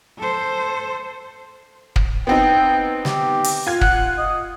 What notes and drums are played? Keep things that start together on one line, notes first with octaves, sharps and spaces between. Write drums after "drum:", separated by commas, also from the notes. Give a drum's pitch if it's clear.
A4 C5
drum: kick
B3 C4 D#4 G5
G4, drum: snare
drum: open hi-hat
F4 G#6
F#5, drum: kick
D#5